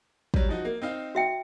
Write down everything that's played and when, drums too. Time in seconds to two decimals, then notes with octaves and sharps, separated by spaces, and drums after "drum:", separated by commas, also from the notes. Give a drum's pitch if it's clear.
0.34 F#3 G3, drum: kick
0.49 F3 D#4 F#4
0.65 A#3
0.82 C4 D#4 F5
1.15 F#4 E5 G5